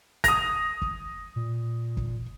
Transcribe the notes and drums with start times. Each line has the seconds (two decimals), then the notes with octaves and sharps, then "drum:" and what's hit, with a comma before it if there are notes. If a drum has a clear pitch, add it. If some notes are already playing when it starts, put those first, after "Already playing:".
0.24 D#6 A#6 F7, drum: kick, hi-hat
0.82 drum: kick
1.36 A#2
1.97 drum: kick